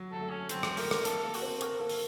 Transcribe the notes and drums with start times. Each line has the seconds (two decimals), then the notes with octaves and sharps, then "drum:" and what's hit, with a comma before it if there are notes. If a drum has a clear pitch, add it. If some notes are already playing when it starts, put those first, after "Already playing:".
Already playing: F#3
0.12 F#3 A4
0.21 A3
0.30 C#4
0.49 F#3 C4, drum: hi-hat
0.63 drum: rim click
0.77 A3 A#4, drum: open hi-hat
0.91 drum: rim click
1.05 A#3 A4, drum: hi-hat
1.24 A#3
1.34 F#4, drum: open hi-hat
1.42 C4
1.61 A#3 A#4, drum: hi-hat
1.79 A#3 A4
1.89 drum: open hi-hat